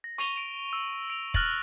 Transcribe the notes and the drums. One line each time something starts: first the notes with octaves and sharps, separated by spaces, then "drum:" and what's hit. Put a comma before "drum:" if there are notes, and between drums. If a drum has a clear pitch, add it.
A#6
C#6 D#7 F7 G7, drum: hi-hat
D7 F7
E6
D7 F7
F6 F#6 A6 A#6 F#7, drum: kick